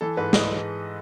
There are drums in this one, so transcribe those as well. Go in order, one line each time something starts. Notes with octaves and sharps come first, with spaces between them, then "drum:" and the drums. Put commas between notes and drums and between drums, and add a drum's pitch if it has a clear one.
E3 A4
G#2 B4
G#2 D#5, drum: snare